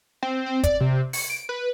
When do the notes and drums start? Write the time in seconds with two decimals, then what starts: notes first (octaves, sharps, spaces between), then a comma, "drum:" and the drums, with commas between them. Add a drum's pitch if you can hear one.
0.23 C4
0.46 C4
0.63 D5, drum: kick, hi-hat
0.80 C3
1.13 C#7, drum: open hi-hat
1.30 D7
1.49 B4